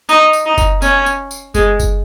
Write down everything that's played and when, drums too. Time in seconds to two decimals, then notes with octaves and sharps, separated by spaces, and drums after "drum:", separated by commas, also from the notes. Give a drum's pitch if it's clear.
0.09 D#4, drum: tambourine
0.33 drum: tambourine
0.46 D#4
0.58 drum: kick F#1, tambourine
0.82 C#4, drum: tambourine
1.06 drum: tambourine
1.31 drum: tambourine
1.55 G#3, drum: kick F#1, tambourine
1.80 drum: kick F#1, tambourine